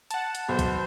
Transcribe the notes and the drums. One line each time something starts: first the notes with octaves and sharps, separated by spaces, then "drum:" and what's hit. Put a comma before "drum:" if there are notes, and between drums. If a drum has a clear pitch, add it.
F#5 A5, drum: hi-hat
drum: hi-hat
B1 C5
drum: kick, hi-hat